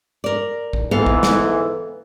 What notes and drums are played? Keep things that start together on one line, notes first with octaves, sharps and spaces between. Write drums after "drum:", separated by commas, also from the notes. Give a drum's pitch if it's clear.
A#4 D5
drum: kick A1
G#2 E3 B3 A4 F5
drum: kick A1
drum: snare